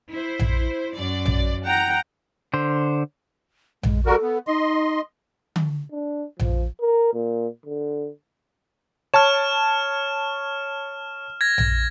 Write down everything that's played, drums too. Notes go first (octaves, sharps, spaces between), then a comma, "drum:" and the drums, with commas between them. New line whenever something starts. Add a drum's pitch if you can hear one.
E4 C5
drum: tom A#1
F#2 D5
drum: tom A#1
F#5 G5 A#5
D3 C5
G#3, drum: tom A#1
G3 F#4 A4 A#4
B3
D#4 D#5 C6
drum: tom D3
D4
F3, drum: tom A#1
A#4
A#2
D3
C#5 A5 F6 E7
G#6 A#6
drum: tom A#1